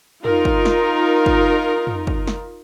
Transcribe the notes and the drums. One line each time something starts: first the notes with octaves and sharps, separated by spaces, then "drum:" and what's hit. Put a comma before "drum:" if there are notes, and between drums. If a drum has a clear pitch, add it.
D#4 F4 A#4, drum: tom
drum: kick
drum: snare
drum: kick
drum: tom
drum: kick
drum: snare